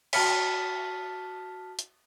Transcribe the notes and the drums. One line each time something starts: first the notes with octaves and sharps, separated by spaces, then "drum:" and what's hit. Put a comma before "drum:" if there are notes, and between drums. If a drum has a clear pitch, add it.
F#4 A5 F6 B6, drum: cymbal
drum: hi-hat